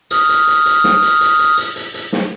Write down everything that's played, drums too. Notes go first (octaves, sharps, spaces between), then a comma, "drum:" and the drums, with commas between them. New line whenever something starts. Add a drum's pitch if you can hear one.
D#6 F6, drum: hi-hat
drum: hi-hat
drum: hi-hat
drum: hi-hat
drum: snare
drum: hi-hat
drum: hi-hat
drum: hi-hat
drum: hi-hat
drum: hi-hat
drum: hi-hat
drum: snare